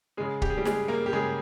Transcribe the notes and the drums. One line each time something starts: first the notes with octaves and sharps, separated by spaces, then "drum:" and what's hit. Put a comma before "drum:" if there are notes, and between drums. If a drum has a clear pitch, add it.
C#3 G#3 G#4
G4, drum: kick
G#4
G3 G4
G#3 G#4, drum: snare
A#3 A#4
G4
C#3 G#3 G#4